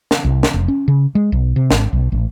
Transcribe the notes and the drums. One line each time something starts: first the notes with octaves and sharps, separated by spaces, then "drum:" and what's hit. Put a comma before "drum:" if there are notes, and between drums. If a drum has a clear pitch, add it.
drum: snare
C2
drum: snare
F1
C#4
C#3
G#3
B1
C3
G#1, drum: snare
B1
A1